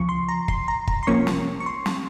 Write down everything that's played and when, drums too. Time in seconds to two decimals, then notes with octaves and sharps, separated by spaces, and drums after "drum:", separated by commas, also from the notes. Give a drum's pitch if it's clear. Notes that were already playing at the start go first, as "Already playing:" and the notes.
Already playing: C#2 C#3 F3 C#6
0.09 C6
0.28 A#5
0.48 C6, drum: kick
0.68 A#5
0.87 A#5, drum: kick
1.03 C6
1.07 C2 C3 F3 A#3 C#4 C#6
1.27 drum: snare
1.60 C#6
1.66 C6
1.86 drum: snare